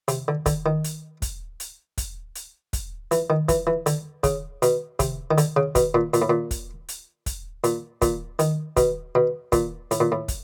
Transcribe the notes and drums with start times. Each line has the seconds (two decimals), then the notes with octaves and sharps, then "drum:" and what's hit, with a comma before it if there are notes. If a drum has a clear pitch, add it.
0.08 C3, drum: hi-hat
0.28 D3
0.46 D3, drum: kick, hi-hat
0.66 D#3
0.84 drum: hi-hat
1.22 drum: kick, hi-hat
1.60 drum: hi-hat
1.98 drum: kick, hi-hat
2.35 drum: hi-hat
2.73 drum: kick, hi-hat
3.11 E3, drum: hi-hat
3.30 D#3
3.49 E3, drum: kick, hi-hat
3.67 E3
3.86 D3, drum: hi-hat
4.24 C#3, drum: kick, hi-hat
4.62 B2, drum: hi-hat
4.99 C3, drum: kick, hi-hat
5.31 D#3
5.38 D3, drum: hi-hat
5.56 C#3
5.75 B2, drum: kick, hi-hat
5.94 A#2
6.14 A#2, drum: hi-hat
6.22 A2
6.30 A#2
6.51 drum: kick, hi-hat
6.88 drum: hi-hat
7.26 drum: kick, hi-hat
7.64 A#2, drum: hi-hat
8.02 A#2, drum: kick, hi-hat
8.39 D#3, drum: hi-hat
8.77 B2, drum: kick, hi-hat
9.15 B2
9.52 A#2, drum: kick, hi-hat
9.91 A2, drum: hi-hat
10.00 A#2
10.12 A2
10.28 drum: kick, hi-hat